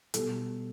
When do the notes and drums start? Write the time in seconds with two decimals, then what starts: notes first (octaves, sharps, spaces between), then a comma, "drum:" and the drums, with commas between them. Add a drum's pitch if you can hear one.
0.14 B2 G3 A4, drum: hi-hat